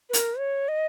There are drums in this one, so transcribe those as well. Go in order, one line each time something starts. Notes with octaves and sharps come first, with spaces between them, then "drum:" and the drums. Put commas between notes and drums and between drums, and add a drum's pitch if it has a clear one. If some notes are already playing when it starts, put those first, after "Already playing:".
B4
A#4, drum: hi-hat
C#5
D#5